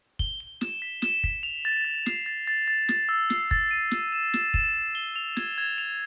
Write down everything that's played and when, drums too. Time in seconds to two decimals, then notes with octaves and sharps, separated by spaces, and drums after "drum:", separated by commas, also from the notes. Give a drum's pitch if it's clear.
0.19 G7, drum: kick
0.40 G7
0.61 E7, drum: snare
0.82 B6
1.02 E7, drum: snare
1.24 B6, drum: kick
1.43 F7
1.65 A6
1.85 A6
2.06 C7, drum: snare
2.26 A6
2.48 A6
2.68 A6
2.89 A6, drum: snare
3.09 E6
3.30 C7, drum: snare
3.51 A6, drum: kick
3.71 D#7
3.91 E7, drum: snare
4.12 E7
4.34 E7, drum: snare
4.54 E7, drum: kick
4.75 E7
4.95 G7
5.16 F7
5.37 G#6, drum: snare
5.58 G#6
5.78 F7